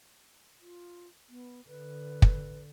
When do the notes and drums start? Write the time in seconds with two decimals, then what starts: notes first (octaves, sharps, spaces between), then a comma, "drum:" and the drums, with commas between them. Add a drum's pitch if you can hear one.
0.60 F4
1.29 B3
1.67 D3 B4
2.22 drum: kick